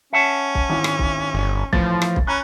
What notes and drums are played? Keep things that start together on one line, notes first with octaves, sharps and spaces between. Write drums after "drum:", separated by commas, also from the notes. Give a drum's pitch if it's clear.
C#4 E5 F#5 A5
drum: kick
G#1 E4
drum: rim click
drum: kick
G1
A2 E3 F3 A6, drum: kick
drum: rim click
drum: kick
C#4 A#5 B5 F#6